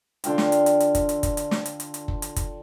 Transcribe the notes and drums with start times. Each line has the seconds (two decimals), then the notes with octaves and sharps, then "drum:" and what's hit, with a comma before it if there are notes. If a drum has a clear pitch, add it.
0.24 D3 F4 F5 G5, drum: hi-hat
0.38 drum: snare
0.52 drum: hi-hat
0.66 drum: hi-hat
0.80 drum: hi-hat
0.95 drum: kick F#1, hi-hat
1.09 drum: hi-hat
1.23 drum: kick F#1, hi-hat
1.37 drum: hi-hat
1.51 drum: snare
1.66 drum: hi-hat
1.80 drum: hi-hat
1.94 drum: hi-hat
2.08 drum: kick F#1
2.22 drum: hi-hat
2.36 drum: kick F#1, hi-hat